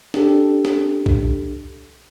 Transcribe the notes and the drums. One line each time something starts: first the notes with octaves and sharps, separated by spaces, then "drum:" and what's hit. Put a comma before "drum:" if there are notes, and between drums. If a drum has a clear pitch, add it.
D4 G4 A4, drum: snare
drum: snare
drum: kick